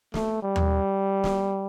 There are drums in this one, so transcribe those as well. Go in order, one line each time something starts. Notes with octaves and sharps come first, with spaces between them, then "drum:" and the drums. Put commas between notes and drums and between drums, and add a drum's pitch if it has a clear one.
A3, drum: snare
G3
drum: tom D#2
drum: snare